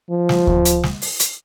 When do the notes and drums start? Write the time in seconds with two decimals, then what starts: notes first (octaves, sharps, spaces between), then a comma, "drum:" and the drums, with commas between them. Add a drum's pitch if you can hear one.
0.10 F3
0.29 drum: snare
0.47 drum: kick D2
0.65 drum: hi-hat
0.83 drum: snare
1.02 drum: open hi-hat
1.20 drum: hi-hat